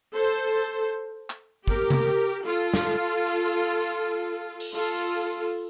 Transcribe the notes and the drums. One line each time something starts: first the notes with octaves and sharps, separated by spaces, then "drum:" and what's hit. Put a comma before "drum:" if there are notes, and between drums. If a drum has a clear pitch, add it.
A4 C5
drum: clap
G4 A#4, drum: kick
drum: tom C3
F4 A4
drum: snare
drum: open hi-hat
F4 A4